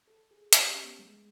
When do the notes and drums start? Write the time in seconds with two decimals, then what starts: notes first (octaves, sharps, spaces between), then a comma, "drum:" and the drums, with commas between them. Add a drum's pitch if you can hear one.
0.08 A4
0.31 G#4
0.53 G4, drum: hi-hat
0.69 C#4
0.84 B3
0.99 G#3